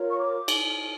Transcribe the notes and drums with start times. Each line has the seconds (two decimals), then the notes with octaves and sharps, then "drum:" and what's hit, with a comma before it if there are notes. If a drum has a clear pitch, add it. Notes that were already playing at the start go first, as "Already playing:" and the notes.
Already playing: F4 A#4 C#5
0.11 C#6
0.19 D6
0.48 drum: cymbal